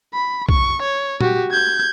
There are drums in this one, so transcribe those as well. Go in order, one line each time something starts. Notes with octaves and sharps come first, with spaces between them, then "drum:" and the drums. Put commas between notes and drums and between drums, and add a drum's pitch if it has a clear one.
B5
C#6, drum: kick
C#5
F#4 G4, drum: tom A#2
G6 G#6